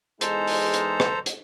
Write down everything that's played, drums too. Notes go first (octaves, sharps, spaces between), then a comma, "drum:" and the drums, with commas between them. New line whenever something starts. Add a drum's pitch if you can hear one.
E2 G#3 D#4 A4 C5 A#5, drum: hi-hat
drum: open hi-hat
drum: hi-hat
drum: rim click
drum: hi-hat